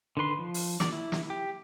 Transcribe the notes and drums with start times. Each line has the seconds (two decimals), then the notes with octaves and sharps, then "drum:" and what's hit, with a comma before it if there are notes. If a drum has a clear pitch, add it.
0.17 D3 D#3 B4 C6
0.38 F3
0.54 drum: open hi-hat
0.80 D5, drum: snare
0.92 E4
1.12 drum: snare
1.30 G4